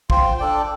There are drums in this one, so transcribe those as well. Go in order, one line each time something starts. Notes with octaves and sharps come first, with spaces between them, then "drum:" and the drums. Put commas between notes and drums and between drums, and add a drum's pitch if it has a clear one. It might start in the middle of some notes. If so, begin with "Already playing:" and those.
F4 C5 G5, drum: kick
D4 A4 D5 G5